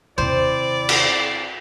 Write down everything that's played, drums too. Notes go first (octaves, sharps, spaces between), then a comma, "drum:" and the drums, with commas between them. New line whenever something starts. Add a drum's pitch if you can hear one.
D#2 C3 C4 E4 C5 D5
drum: cymbal